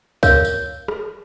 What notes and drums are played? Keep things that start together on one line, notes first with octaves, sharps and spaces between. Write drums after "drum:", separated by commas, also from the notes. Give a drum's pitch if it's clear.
A#4 C#5 F5, drum: kick, tambourine
drum: tambourine
drum: rim click